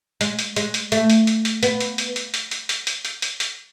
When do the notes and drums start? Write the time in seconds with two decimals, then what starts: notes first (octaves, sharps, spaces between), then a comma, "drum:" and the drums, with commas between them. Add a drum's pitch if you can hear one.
0.21 G#3, drum: hi-hat
0.39 drum: hi-hat
0.56 G#3, drum: hi-hat
0.74 drum: hi-hat
0.92 A3, drum: hi-hat
1.10 drum: hi-hat
1.27 drum: hi-hat
1.45 drum: hi-hat
1.63 B3, drum: hi-hat
1.80 drum: hi-hat
1.98 drum: hi-hat
2.16 drum: hi-hat
2.34 drum: hi-hat
2.51 drum: hi-hat
2.69 drum: hi-hat
2.87 drum: hi-hat
3.05 drum: hi-hat
3.22 drum: hi-hat
3.40 drum: hi-hat